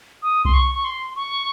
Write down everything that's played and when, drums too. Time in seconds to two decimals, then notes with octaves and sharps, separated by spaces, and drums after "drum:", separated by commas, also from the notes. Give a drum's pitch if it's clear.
0.23 D#6
0.45 C6, drum: kick C2
0.54 C#6
0.75 C#6
0.84 C6
1.16 C#6